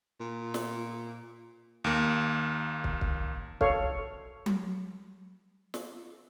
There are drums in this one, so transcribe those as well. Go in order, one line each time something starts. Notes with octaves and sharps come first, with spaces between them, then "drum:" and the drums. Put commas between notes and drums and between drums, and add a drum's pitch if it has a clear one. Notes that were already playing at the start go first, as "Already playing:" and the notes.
A#2
drum: snare
D#2 A#3
drum: kick
drum: kick
A4 C#5 F5, drum: kick
drum: tom F#3
drum: snare